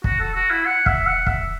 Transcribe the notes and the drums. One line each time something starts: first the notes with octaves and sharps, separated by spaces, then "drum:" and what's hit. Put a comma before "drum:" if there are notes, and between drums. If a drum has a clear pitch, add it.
F#4, drum: kick
A4
F#4
E4
F#5
E5, drum: kick
F#5
E5, drum: kick